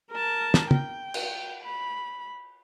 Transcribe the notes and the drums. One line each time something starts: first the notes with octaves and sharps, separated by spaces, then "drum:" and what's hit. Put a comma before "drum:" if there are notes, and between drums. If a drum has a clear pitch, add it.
A#4 A5
drum: snare
G5, drum: tom
drum: cymbal
B5